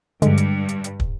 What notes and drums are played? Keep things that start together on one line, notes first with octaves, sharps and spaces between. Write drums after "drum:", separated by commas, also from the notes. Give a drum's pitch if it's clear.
G2 D3 G#3, drum: hi-hat
drum: hi-hat
drum: hi-hat
drum: hi-hat
drum: kick